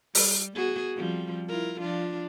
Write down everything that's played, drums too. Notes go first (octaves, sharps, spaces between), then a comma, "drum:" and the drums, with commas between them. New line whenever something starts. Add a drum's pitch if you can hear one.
G3, drum: open hi-hat
B3 F#4 G#4
F3 G3 C4
E4 F4 A#4
F3 D4 F4